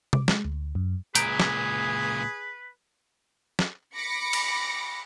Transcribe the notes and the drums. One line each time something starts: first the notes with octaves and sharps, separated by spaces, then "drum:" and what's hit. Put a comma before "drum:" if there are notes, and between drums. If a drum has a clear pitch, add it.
D6, drum: tom C3
G#3, drum: snare
D2
F#2
C#2 A#2 G#4 B4 A#5 G6 D7, drum: hi-hat
drum: snare
drum: snare
B5 D6 A#6 C#7
drum: cymbal